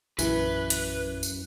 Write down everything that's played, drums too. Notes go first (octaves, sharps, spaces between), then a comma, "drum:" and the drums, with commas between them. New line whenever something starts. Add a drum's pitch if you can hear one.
A#1 F#2 E3 B4, drum: tambourine
drum: hi-hat
drum: tambourine